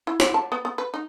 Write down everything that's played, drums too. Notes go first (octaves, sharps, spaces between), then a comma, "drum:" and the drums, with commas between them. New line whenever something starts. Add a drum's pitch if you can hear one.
E4
E4, drum: snare
A5
B3
B3
B4
D#4